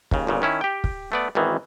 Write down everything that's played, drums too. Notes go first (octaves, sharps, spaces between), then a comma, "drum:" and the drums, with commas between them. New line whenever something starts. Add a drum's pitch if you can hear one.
D#2 C#3, drum: kick
G1 A#2 C#3
D#3 C#4 E4
G4 G5
drum: kick
A3 B3 D5
G#1 B2 D#3 E3